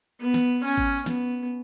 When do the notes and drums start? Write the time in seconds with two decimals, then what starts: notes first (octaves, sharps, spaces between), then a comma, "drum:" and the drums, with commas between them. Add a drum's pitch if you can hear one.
0.20 B3
0.34 drum: snare
0.63 C#4
0.78 drum: kick G#1
1.06 B3, drum: snare